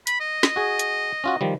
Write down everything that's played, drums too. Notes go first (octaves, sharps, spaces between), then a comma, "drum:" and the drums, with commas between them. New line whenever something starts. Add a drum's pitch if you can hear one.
B5, drum: hi-hat
D#5
drum: snare
F#4 G#4
drum: hi-hat
C#4 F4 F#4
D#3 F3 G3